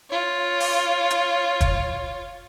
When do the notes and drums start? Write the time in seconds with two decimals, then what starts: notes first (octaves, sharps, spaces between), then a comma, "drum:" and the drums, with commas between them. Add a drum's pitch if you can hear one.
0.10 F4 C#5
0.60 drum: open hi-hat
1.10 drum: hi-hat
1.61 drum: kick, hi-hat